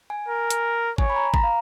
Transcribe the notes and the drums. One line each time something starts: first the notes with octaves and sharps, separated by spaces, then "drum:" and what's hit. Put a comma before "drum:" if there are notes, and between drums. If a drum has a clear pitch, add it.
G#5
A#4
drum: hi-hat
C#5 G#5, drum: kick G#1
B5
A#5
A#5, drum: kick G#1
F5